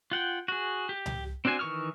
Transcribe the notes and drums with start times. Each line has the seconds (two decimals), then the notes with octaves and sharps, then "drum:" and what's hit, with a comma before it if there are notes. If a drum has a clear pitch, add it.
0.12 F4 F#5 G5
0.48 F#4 G#4
0.89 G4
1.06 drum: tom C#2
1.45 C4 D4 F#4 C5 G#5
1.59 D#3 E3 C#6 D#6 F6